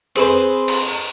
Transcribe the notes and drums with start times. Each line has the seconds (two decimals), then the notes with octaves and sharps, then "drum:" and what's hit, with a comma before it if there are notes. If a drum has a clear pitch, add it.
0.16 C4 G#4 B4 C5, drum: hi-hat
0.68 drum: cymbal